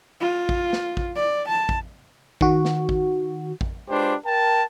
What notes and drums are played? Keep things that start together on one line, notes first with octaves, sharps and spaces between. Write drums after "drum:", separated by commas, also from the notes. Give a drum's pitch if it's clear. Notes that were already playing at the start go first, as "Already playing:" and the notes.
F4
drum: kick A1
drum: snare
drum: kick A1
D5
A5
drum: kick A1
D#3 F#4, drum: kick A1
drum: snare
drum: kick A1
drum: kick A1
G#3 D4 F4 G4 B4 C5
A#4 G5 A5